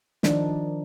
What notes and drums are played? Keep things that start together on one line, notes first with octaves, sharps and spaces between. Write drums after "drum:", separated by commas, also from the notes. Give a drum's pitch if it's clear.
D#3 F3 D4 D#4, drum: snare